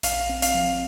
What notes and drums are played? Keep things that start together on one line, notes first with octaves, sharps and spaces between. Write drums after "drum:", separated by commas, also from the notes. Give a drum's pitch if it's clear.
A#1 F5, drum: hi-hat
C4
F5, drum: hi-hat
F3